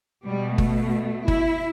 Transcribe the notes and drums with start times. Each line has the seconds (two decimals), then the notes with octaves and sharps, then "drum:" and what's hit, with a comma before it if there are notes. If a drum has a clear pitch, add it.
0.24 B2 G3
0.58 A3, drum: kick G1
1.28 E4, drum: kick G1